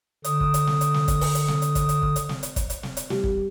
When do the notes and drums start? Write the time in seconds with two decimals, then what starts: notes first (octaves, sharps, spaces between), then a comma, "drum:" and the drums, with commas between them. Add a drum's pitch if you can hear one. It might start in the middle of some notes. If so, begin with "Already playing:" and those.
0.24 D3 D#6, drum: hi-hat
0.40 drum: kick
0.54 drum: hi-hat
0.67 drum: snare
0.81 drum: hi-hat
0.94 drum: snare
1.08 drum: kick, hi-hat
1.21 drum: open hi-hat
1.35 drum: hi-hat
1.48 drum: snare
1.62 drum: hi-hat
1.75 drum: kick, hi-hat
1.89 drum: hi-hat
2.02 drum: kick
2.16 drum: hi-hat
2.29 drum: snare
2.43 drum: hi-hat
2.56 drum: kick, hi-hat
2.70 drum: hi-hat
2.83 drum: snare
2.97 drum: hi-hat
3.10 G3, drum: snare
3.24 drum: kick